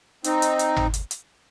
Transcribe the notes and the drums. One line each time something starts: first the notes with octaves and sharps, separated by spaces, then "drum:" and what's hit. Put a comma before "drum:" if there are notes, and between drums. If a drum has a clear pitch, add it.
C4 D#4, drum: hi-hat
drum: hi-hat
drum: hi-hat
drum: tom G#1
drum: hi-hat
drum: hi-hat